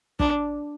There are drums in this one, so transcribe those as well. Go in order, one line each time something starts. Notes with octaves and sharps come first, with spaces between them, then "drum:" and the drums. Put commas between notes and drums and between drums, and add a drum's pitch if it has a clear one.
D4, drum: kick